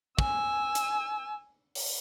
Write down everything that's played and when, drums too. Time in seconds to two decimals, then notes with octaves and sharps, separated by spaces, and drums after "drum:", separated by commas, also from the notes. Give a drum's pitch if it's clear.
0.19 G#5 E6, drum: kick
0.75 drum: hi-hat
1.75 drum: open hi-hat